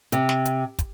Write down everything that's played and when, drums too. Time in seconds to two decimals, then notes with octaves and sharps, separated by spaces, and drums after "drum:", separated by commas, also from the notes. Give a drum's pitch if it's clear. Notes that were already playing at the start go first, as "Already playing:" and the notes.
0.12 C3, drum: hi-hat
0.29 drum: snare
0.45 drum: hi-hat
0.79 drum: kick, hi-hat